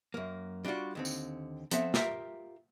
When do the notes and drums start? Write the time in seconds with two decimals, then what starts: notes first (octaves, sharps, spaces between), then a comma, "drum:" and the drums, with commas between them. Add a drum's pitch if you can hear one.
0.14 F#2 A#3
0.65 G3 D4 D#4 F4 F#4
0.95 D#2 D3 C4
1.05 drum: tambourine
1.71 F3 B3 C4 A4 E5 F#5, drum: hi-hat
1.94 F4 G4 A#4 E5, drum: snare